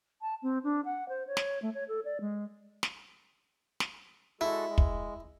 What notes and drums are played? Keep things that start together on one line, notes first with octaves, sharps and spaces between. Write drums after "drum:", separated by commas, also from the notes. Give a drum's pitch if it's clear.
A5
C4
D4
F#5
C5
C#5
drum: snare
A3
C#5
A4
D5
G#3
drum: snare
drum: snare
G#3 E4 F#4 A4
G#3
drum: kick